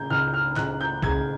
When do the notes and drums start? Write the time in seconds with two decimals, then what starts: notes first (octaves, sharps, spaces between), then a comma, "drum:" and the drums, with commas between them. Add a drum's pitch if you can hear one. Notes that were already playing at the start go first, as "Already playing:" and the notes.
Already playing: C#3 G6 G#6
0.10 C#2 F6
0.34 F6
0.56 C#2 F#6, drum: clap
0.81 G6
1.03 C#3 G#6, drum: kick C2